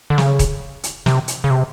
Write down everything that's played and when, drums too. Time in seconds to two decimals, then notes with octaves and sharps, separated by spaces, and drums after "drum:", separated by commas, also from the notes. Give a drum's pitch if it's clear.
0.10 D3
0.18 C#3, drum: snare
0.39 drum: kick, hi-hat
0.84 drum: hi-hat
1.06 C3, drum: snare
1.28 drum: hi-hat
1.44 C#3
1.50 C3